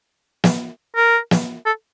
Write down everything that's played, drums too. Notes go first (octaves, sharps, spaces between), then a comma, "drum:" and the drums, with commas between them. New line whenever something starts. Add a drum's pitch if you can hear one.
drum: snare
A#4
drum: snare
A4